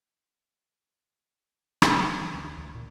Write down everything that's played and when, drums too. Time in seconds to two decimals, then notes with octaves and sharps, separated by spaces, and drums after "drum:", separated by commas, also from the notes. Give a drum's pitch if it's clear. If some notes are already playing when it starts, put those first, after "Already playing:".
1.82 drum: rim click
2.21 E3
2.34 D2
2.57 D2
2.75 A#2